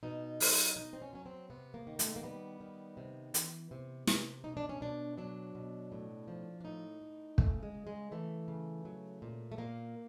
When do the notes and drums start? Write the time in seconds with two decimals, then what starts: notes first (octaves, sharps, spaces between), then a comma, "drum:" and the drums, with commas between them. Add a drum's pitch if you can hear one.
0.03 B2 D#4
0.40 F#3, drum: open hi-hat
0.76 B2 D#4
0.93 C4
1.02 C#4
1.13 F#3 C#4
1.26 C4
1.50 C3 B3
1.74 A#3
1.87 D#3
1.99 A3, drum: hi-hat
2.16 A#3
2.23 G3 B3
2.61 D#3
2.97 C3
3.34 E3, drum: hi-hat
3.71 C3
4.07 C3, drum: snare
4.44 B2 D#4
4.57 D4
4.69 C#4
4.80 B2 D4
5.17 F#3 D4
5.55 B2
5.92 A2
6.28 F3
6.61 D4
6.64 A2 D#4
7.02 A2
7.38 C#3 A3, drum: kick
7.63 G#3
7.74 C#3
7.87 G#3
8.12 E3 A3
8.48 C#3
8.85 F#3
9.22 A#2
9.52 A3
9.58 A#2 A#3